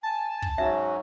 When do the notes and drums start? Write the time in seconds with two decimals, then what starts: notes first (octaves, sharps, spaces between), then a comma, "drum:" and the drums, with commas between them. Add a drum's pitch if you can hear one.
0.03 G#5 A5
0.42 drum: kick
0.58 G#2 F#3 C#4 F#4 E5